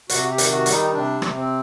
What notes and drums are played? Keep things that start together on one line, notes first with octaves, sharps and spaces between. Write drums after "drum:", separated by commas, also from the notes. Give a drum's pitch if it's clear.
C3 F#4, drum: hi-hat
G4
D#3, drum: hi-hat
F#4
G3, drum: hi-hat
D#4
C3 D4
C3, drum: rim click
C4